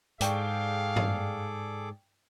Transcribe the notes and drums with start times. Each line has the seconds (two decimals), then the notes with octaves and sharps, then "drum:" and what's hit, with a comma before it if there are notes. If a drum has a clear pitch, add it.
0.21 G#2 G#4 A4 D5 F5 G5 C#6 D6, drum: hi-hat
0.96 drum: tom G2